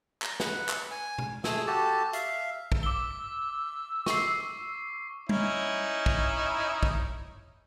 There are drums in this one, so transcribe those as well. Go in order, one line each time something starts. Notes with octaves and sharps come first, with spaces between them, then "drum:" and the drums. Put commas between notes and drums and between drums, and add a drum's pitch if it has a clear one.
A#5, drum: clap
B4 F#5, drum: snare
drum: clap
G#5
drum: tom
A3 G#4 D#6 E6, drum: snare
F#4 G4 A4 A5
E5 F5, drum: hi-hat
drum: kick
D6 E6 G7
C#6 C7, drum: snare
C#4 D#4 E4, drum: tom G3
drum: kick
drum: kick